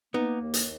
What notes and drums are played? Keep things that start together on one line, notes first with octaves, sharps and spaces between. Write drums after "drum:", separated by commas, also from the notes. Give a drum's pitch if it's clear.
A#3 B3 D#4
D#2
drum: hi-hat